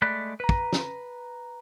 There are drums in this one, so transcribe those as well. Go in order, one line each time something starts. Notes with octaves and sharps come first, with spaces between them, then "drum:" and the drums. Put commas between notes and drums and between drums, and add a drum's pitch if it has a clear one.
G#3 A3 D5 B5 F#6
B4 A#5
drum: kick
drum: snare